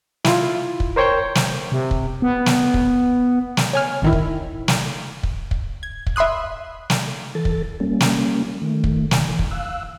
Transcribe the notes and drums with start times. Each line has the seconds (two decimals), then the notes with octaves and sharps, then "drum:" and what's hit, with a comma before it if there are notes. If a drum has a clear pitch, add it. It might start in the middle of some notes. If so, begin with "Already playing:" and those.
0.25 E4 F4, drum: snare
0.80 drum: kick
0.96 A#4 C5 C#5 G5 C#6 G6
1.35 drum: snare
1.72 C3
1.91 drum: kick
2.22 B3
2.46 drum: snare
2.74 drum: kick
3.57 drum: snare
3.73 C#5 G#5 F6
4.02 A1 D#3 E4
4.13 drum: kick
4.68 drum: snare
5.23 drum: kick
5.51 drum: kick
5.83 G#6
6.07 drum: kick
6.16 E5 B5 C6 D#6 F#6
6.90 drum: snare
7.35 E3 A4 A6
7.45 drum: kick
7.80 G3 A#3 C#4
8.01 drum: snare
8.62 D#3 A3
8.84 drum: kick
9.11 B2 D#3 G#5, drum: snare
9.29 E3
9.39 drum: kick
9.51 F5 E6 F#6